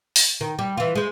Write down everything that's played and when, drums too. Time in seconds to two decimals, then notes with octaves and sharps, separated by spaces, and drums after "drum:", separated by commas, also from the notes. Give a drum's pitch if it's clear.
0.16 drum: open hi-hat
0.41 D#3
0.59 G3
0.77 E3 F4
0.95 G#3 C5